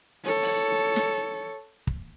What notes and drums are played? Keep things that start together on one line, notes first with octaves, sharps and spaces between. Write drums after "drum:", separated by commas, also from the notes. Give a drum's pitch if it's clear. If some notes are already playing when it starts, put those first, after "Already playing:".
A4 C#5
drum: open hi-hat
drum: snare
drum: kick